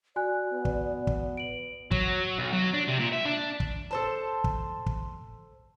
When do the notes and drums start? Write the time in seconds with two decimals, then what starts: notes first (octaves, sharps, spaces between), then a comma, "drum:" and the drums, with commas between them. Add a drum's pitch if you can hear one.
0.16 F#4 D5 G#5 F#6
0.53 B3
0.65 drum: kick
1.07 drum: kick
1.37 D7 F#7
1.91 F#3, drum: kick
2.38 B1
2.53 F#3
2.74 D4
2.88 C3
3.00 A#2
3.13 E5
3.25 D4
3.60 drum: kick
3.91 A4 C5 A5
4.44 drum: kick
4.86 drum: kick